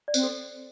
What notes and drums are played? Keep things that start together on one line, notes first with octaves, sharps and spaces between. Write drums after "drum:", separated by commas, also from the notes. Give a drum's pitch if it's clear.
D5
C4 C5, drum: tambourine
A4